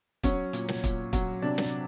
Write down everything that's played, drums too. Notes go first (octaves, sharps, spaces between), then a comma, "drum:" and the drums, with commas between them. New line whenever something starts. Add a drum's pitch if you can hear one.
F#3 C#4, drum: kick, hi-hat
A#2, drum: hi-hat
drum: snare
A#2, drum: kick, hi-hat
F#3, drum: kick, hi-hat
C3 D4
drum: snare